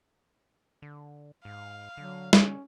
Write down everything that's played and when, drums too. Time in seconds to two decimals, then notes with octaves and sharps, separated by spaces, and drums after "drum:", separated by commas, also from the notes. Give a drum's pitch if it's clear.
0.82 D3
1.45 G#2 F5
1.97 D3 F#3
2.33 C#4, drum: snare